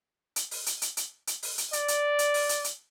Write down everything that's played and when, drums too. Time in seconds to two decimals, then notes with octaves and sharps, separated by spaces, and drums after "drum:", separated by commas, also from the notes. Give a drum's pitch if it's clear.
0.36 drum: hi-hat
0.51 drum: open hi-hat
0.66 drum: hi-hat
0.82 drum: hi-hat
0.97 drum: hi-hat
1.27 drum: hi-hat
1.43 drum: open hi-hat
1.58 drum: hi-hat
1.73 D5, drum: hi-hat
1.88 drum: hi-hat
2.19 drum: hi-hat
2.34 drum: open hi-hat
2.49 drum: hi-hat
2.64 drum: hi-hat